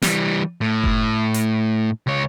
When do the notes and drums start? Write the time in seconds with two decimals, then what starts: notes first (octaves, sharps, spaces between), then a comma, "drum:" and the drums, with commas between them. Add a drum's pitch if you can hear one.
0.02 E3 G3, drum: snare
0.61 A2
0.84 drum: kick F#1
1.34 drum: hi-hat
2.07 C#2 C#5